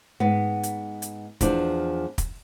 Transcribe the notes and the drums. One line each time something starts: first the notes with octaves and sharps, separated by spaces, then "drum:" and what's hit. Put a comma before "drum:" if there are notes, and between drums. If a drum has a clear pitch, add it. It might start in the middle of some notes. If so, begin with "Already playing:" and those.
G#2 B3
drum: hi-hat
drum: hi-hat
E2 F3 D4, drum: kick, hi-hat
drum: kick, hi-hat